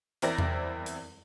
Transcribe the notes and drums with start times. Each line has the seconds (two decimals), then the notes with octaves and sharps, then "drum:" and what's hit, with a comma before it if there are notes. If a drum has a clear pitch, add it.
0.22 E2 C4 E4 A#4 D5 A#6, drum: hi-hat
0.38 drum: tom E2
0.86 drum: hi-hat